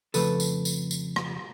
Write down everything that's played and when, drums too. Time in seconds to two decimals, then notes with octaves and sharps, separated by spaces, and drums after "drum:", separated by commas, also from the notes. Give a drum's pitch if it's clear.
0.14 F2 C#3 F3 A3 A4 B4, drum: tambourine
0.40 drum: tambourine
0.65 drum: tambourine
0.91 drum: tambourine
1.16 drum: rim click